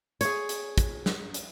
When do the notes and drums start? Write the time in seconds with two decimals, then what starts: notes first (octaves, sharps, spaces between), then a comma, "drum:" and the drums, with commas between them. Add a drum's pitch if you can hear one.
0.21 G#4 C#5, drum: hi-hat
0.49 drum: hi-hat
0.78 drum: kick, hi-hat
1.06 drum: snare
1.34 drum: hi-hat